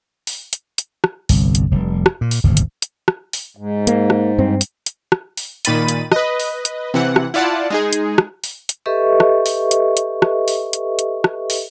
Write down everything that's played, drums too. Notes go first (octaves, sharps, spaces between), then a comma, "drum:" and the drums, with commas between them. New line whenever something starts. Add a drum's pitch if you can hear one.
drum: open hi-hat
drum: hi-hat
drum: hi-hat
drum: rim click
G1 C2, drum: open hi-hat
drum: hi-hat
F1 G3
drum: rim click
A#2
drum: open hi-hat
D#1 G#1 D2 C#3
drum: hi-hat
drum: hi-hat
drum: rim click
drum: open hi-hat
G#2
A#3, drum: hi-hat
drum: rim click
G2 C4
drum: hi-hat
drum: hi-hat
drum: rim click
drum: open hi-hat
A#2 D#3 B5 A6 D#7, drum: hi-hat
drum: hi-hat
B4 D#5, drum: rim click
drum: open hi-hat
drum: hi-hat
C3 E3 F#5
drum: rim click
E4 F4 D5 F#5 A5
G#3 D#4 G#4
drum: hi-hat
drum: rim click
drum: open hi-hat
drum: hi-hat
G4 A4 B4 D#5 E5 C#6
drum: rim click
drum: open hi-hat
drum: hi-hat
drum: hi-hat
drum: rim click
drum: open hi-hat
drum: hi-hat
drum: hi-hat
drum: rim click
drum: open hi-hat